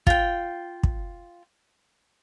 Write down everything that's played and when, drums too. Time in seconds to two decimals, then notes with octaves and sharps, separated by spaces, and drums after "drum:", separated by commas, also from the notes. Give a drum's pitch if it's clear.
0.07 F4 G5, drum: kick
0.83 drum: kick